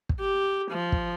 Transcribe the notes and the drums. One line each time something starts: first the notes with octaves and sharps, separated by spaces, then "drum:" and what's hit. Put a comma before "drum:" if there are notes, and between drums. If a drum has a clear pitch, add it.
drum: kick
G4
F3
drum: kick